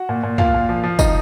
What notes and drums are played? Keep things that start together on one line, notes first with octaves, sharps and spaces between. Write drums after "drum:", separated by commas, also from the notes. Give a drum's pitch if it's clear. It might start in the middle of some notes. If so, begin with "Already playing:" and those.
Already playing: F#4 F#5
A#2
A#2
A#2 F4 F5, drum: tom
A#2
F3
F3
D#4 D#5, drum: kick, tambourine